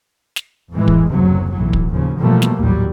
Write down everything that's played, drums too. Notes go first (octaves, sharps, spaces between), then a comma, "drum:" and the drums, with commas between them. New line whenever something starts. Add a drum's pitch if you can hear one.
drum: snare
F2 A2 E3 G#3
drum: kick
F#1 D2 C3 F#3
B1 A2 E3 F#3
drum: kick
D#2 C#3 F3
B2 E3 F3 G3 A3 A#3
drum: snare
A1 D#2 A#2 F#3 G3